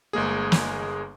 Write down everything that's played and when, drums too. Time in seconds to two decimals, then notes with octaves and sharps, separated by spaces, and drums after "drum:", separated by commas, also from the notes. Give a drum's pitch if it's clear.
0.13 G1 G#3 A#3 G#4
0.52 drum: snare